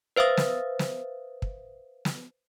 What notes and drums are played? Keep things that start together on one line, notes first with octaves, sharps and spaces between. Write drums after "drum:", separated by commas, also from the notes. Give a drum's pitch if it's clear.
B4 C5 E5 F5 D#6 A6
drum: snare
drum: snare
drum: kick
drum: snare